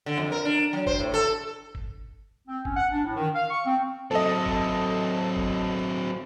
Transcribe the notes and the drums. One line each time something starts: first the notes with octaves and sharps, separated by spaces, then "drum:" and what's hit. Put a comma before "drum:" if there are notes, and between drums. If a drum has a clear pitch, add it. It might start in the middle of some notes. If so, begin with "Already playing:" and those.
D3
F2
A#4
D4
F#3
C5, drum: kick G1
A2
A4
drum: kick G1
C4
C#4, drum: kick G1
F#5
D4
A2
D#3
F5
C#6
C4
F#3 C4 A4 D#5
drum: kick G1
drum: kick G1